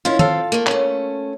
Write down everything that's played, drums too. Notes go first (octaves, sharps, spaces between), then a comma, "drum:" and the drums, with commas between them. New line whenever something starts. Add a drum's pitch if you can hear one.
D#2 C#4 E4 F4
C4 A4 F5, drum: tom
A3 A#3
A3 C#4, drum: clap